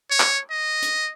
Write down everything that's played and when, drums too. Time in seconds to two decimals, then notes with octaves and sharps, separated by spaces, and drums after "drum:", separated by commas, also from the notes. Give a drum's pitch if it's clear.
0.11 C#5
0.20 drum: clap
0.51 D#5
0.82 drum: hi-hat